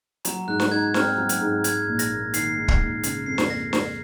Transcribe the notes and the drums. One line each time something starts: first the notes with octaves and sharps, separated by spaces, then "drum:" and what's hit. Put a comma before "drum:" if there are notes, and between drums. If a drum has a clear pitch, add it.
F#3 A#5, drum: hi-hat
G#2 F#6
drum: snare
D#4 G#6
C4 F6, drum: snare
F#3
drum: hi-hat
G#2
G#2 G#6, drum: hi-hat
A#1
A#6, drum: hi-hat
A#3
D#3 C7, drum: hi-hat
G#2
drum: kick
A#1
C#3, drum: hi-hat
F2 C7
drum: snare
A#3 A#6
drum: snare